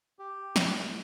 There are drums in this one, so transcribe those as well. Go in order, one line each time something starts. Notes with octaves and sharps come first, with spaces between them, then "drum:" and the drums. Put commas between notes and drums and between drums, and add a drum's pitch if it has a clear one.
G4
A#2 E3 B3, drum: snare